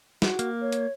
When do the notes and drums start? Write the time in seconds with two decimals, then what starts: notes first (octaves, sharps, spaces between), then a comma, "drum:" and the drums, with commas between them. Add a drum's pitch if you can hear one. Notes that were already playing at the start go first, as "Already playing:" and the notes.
0.22 F#4, drum: snare
0.39 A#3, drum: hi-hat
0.61 C#5
0.72 drum: hi-hat